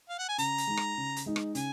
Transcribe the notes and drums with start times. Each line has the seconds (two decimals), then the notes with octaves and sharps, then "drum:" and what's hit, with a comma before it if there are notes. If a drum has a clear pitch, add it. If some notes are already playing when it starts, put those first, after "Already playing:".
0.09 F5
0.19 F#5
0.29 G#5
0.38 C#3 A#5, drum: hi-hat
0.58 drum: hi-hat
0.67 G#3 D#4
0.77 drum: rim click
0.97 C#3
1.16 drum: hi-hat
1.26 G#3 D#4
1.36 drum: rim click
1.55 C#3 G#5, drum: hi-hat